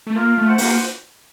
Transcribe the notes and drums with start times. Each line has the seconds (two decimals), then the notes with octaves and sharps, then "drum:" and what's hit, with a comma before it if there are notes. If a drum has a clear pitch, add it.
0.07 A3
0.16 A#3 F4
0.38 A3
0.48 C5 F#5
0.58 A#3, drum: open hi-hat